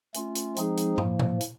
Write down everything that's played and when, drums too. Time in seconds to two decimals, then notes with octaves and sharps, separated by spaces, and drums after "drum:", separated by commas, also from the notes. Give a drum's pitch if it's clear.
0.14 A3 C#4 F4, drum: hi-hat
0.35 drum: hi-hat
0.56 F3 G#3 C4 D#4 G#4, drum: hi-hat
0.77 drum: hi-hat
0.98 A2 F3 A#3, drum: tom
1.19 drum: tom A#2
1.41 drum: hi-hat